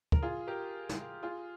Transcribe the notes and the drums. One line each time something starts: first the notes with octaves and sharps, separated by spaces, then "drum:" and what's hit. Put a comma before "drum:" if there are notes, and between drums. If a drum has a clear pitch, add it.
A#4, drum: kick
F4 G#4
G4 A#4
drum: snare
F4 G#4